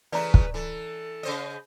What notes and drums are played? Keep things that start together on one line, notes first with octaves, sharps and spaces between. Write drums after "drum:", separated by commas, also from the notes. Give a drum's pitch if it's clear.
C#3 E3 A3 B4 D5 A#5
drum: kick
E3 A4
C#3 C5 D#5